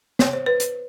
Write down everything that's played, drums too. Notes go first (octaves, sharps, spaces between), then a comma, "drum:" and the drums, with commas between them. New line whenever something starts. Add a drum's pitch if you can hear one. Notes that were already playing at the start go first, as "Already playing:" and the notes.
C#5, drum: snare
C5
B4
drum: hi-hat